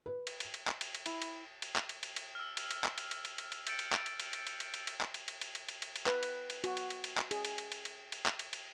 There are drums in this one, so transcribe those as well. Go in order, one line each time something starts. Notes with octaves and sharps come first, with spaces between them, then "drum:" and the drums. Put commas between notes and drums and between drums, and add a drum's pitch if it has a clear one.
B4
drum: cymbal
drum: cymbal
drum: cymbal
drum: clap
drum: cymbal
drum: cymbal
E4, drum: cymbal
drum: cymbal
drum: cymbal
drum: clap
drum: cymbal
drum: cymbal
drum: cymbal
E6 F6
drum: cymbal
drum: cymbal
drum: clap
drum: cymbal
drum: cymbal
drum: cymbal
drum: cymbal
drum: cymbal
E6 G6 A6 C#7 D7, drum: cymbal
drum: cymbal
drum: clap
drum: cymbal
drum: cymbal
drum: cymbal
drum: cymbal
drum: cymbal
drum: cymbal
drum: cymbal
drum: clap
drum: cymbal
drum: cymbal
drum: cymbal
drum: cymbal
drum: cymbal
drum: cymbal
drum: cymbal
B4, drum: clap
drum: cymbal
drum: cymbal
F#4, drum: cymbal
drum: cymbal
drum: cymbal
drum: cymbal
drum: clap
G#4, drum: cymbal
drum: cymbal
drum: cymbal
drum: cymbal
drum: cymbal
drum: cymbal
drum: clap
drum: cymbal
drum: cymbal